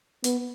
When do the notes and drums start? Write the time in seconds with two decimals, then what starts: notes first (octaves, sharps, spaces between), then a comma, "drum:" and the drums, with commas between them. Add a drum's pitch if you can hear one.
0.24 B3, drum: hi-hat